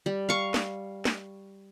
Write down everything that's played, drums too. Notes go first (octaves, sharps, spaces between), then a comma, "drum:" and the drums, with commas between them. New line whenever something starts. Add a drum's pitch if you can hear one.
G3
F5 C#6
drum: snare
drum: snare